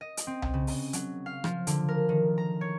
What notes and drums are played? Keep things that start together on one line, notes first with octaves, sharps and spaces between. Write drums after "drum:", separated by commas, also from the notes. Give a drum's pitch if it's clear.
D#5
drum: hi-hat
C4
drum: tom C2
C#3
drum: open hi-hat
F#3, drum: hi-hat
F5
F3, drum: rim click
D3, drum: hi-hat
A#4
D#3
A#5
C#5